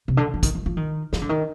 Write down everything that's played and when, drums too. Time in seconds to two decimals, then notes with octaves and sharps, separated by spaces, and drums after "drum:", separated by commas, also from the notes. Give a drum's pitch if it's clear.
0.08 C3
0.17 D3
0.34 F3
0.43 D#3, drum: kick, hi-hat
0.55 F3
0.66 F3
0.77 D#3
1.13 F3, drum: snare
1.22 D3
1.29 D#3